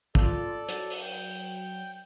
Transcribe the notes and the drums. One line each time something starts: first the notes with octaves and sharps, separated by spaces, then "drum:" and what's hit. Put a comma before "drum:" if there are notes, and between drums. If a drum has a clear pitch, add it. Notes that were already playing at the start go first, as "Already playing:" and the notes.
F4 A4 D5, drum: kick
F#3, drum: hi-hat
drum: open hi-hat
G5 G6